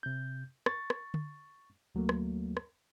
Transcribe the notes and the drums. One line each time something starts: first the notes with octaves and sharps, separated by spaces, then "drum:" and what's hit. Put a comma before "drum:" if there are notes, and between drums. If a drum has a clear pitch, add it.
C3 G6
C#6 A6, drum: rim click
drum: rim click
drum: tom D3
D2 F#3 A3 A#3
drum: rim click
drum: rim click